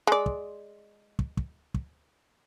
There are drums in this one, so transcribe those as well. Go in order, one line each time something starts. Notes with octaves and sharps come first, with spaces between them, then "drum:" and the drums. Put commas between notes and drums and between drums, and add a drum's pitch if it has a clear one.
G#3 D5
drum: kick
drum: kick
drum: kick
drum: kick